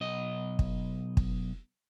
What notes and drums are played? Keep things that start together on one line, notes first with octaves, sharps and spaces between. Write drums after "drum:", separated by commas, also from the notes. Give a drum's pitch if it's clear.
B1 D#5
drum: kick
drum: kick